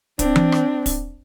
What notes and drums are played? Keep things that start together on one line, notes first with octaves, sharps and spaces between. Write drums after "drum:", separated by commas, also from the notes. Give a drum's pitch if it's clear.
C4 D4, drum: kick, hi-hat
drum: tom E3
drum: rim click
drum: kick, open hi-hat